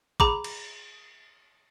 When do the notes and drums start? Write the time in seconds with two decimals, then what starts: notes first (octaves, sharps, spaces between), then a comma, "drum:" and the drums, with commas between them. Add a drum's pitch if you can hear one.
0.20 G#4 A#5 B5 D6, drum: kick
0.44 drum: cymbal